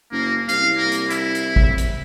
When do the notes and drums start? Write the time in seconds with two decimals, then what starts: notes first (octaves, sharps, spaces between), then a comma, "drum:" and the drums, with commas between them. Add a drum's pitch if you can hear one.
0.12 F#1 A#3
0.49 C2 F5, drum: hi-hat
0.77 A#3
0.92 drum: hi-hat
1.10 E4, drum: hi-hat
1.35 drum: hi-hat
1.56 drum: kick
1.78 drum: hi-hat